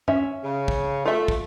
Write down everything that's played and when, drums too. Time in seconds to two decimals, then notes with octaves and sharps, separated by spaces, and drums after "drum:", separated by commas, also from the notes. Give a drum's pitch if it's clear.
0.08 C#4 E5, drum: tom F#2
0.44 C#3
0.68 drum: kick
1.05 A3 F4 E5
1.28 drum: kick